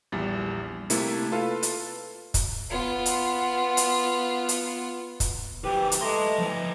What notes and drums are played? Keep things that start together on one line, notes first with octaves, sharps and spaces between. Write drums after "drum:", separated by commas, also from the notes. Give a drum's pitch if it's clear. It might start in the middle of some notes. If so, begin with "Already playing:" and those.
A#1 E2 G3 A6
C3 A3 A#3 E4 A4, drum: hi-hat
F4 A4 B4 F5
drum: hi-hat
drum: kick, hi-hat
B3 F4
drum: hi-hat
drum: hi-hat
drum: hi-hat
drum: kick, hi-hat
D#3 G4 B4
drum: hi-hat
A3 D#5 A#5 C6
F3 B4